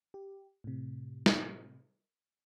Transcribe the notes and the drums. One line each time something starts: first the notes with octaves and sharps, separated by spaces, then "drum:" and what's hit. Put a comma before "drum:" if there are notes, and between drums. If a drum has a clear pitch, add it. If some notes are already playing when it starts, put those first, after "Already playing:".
G4
A2 C3
drum: snare